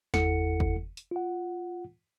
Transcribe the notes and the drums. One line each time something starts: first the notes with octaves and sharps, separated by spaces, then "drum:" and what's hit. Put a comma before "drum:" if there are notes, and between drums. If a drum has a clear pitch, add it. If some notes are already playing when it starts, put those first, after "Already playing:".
G1 E2 E4 A4 F#5 C#7, drum: snare
drum: kick
drum: hi-hat
F4 F#5